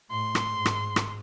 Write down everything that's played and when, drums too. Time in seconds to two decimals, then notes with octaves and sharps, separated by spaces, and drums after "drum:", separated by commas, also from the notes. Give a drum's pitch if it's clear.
0.10 A2 C6
0.35 drum: rim click
0.50 G#2
0.66 drum: rim click
0.96 drum: rim click